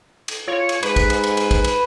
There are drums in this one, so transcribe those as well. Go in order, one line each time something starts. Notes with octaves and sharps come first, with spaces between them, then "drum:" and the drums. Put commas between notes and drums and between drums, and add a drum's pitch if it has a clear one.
drum: cymbal
F4 C#5
drum: cymbal
G#2 B4, drum: cymbal
drum: kick, cymbal
drum: cymbal
drum: cymbal
drum: cymbal
drum: kick, cymbal
drum: cymbal